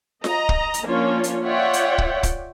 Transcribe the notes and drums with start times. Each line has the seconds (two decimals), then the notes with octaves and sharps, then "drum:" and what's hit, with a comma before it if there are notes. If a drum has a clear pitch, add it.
0.24 D#5 A#5, drum: snare F4
0.49 drum: kick
0.74 drum: hi-hat
0.85 F3 A#3 C#4 D4 F4 C#5
1.24 drum: hi-hat
1.44 F4 C#5 D5 E5 F#5 G5
1.73 drum: hi-hat
1.98 drum: kick
2.23 drum: kick, hi-hat